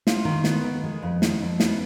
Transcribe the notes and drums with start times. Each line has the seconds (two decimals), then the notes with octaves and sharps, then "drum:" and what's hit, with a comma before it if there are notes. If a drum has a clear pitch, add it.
0.07 F4, drum: snare
0.25 D#3
0.44 B3, drum: snare
0.64 D#3
0.84 G#3
1.02 F2
1.22 D#3, drum: snare
1.41 F2
1.60 B3, drum: snare